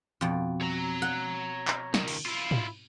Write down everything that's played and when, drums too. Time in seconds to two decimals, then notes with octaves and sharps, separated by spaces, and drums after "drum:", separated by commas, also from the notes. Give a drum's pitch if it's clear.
0.21 F2 B2
0.61 C#5 A#5
1.02 F#5
1.68 drum: clap
1.94 C#2 D#3, drum: snare
2.08 drum: cymbal
2.26 E4 F4
2.51 drum: tom